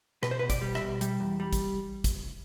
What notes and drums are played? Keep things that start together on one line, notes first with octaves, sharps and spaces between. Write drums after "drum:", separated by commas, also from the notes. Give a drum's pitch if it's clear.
B2 B4, drum: rim click
C5
B4
B2
D5, drum: kick, hi-hat
G3
E5, drum: rim click
B2
G3, drum: hi-hat
E2
G3
drum: kick, hi-hat
drum: kick, hi-hat